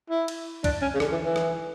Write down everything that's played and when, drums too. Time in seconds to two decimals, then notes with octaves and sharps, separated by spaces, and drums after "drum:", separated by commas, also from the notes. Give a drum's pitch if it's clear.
0.10 E4
0.28 drum: cymbal
0.64 D4, drum: kick C2, cymbal
0.82 C#4
0.94 C#3
1.00 D3, drum: rim click
1.12 E3
1.24 E3
1.36 drum: rim click